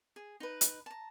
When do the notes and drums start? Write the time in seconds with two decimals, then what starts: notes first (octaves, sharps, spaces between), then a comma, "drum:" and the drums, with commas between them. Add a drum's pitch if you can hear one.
0.16 G#4
0.40 D#4 B4
0.61 drum: hi-hat
0.86 A5 A#5